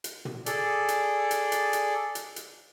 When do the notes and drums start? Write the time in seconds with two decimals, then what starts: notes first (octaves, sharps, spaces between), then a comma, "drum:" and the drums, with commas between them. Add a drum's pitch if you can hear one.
0.04 drum: hi-hat
0.25 drum: tom
0.46 G#4 A4 D5, drum: hi-hat
0.88 drum: hi-hat
1.31 drum: hi-hat
1.52 drum: hi-hat
1.73 drum: hi-hat
2.15 drum: hi-hat
2.36 drum: hi-hat